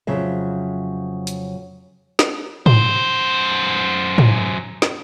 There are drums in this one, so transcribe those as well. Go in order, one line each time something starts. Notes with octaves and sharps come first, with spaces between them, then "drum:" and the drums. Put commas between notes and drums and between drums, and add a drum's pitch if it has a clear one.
F2 C#3 F#3 E5
drum: hi-hat
drum: snare
F#2 C5, drum: tom
drum: tom
drum: snare